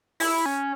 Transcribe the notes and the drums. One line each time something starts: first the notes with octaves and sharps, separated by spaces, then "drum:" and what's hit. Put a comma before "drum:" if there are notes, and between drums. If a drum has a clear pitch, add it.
E4, drum: open hi-hat
C#4